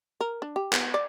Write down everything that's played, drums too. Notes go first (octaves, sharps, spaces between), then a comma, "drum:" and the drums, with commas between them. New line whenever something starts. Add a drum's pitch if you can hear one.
A#4
D4
G4
B3, drum: clap
D5